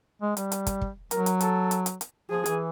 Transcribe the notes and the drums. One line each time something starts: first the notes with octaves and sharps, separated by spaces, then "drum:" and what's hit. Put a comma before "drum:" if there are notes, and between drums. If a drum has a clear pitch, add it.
G#3
G3, drum: hi-hat
drum: hi-hat
drum: kick, hi-hat
drum: kick
F#3 A#4, drum: hi-hat
drum: hi-hat
A4, drum: hi-hat
drum: hi-hat
drum: hi-hat
drum: hi-hat
F3 G#4
E3, drum: hi-hat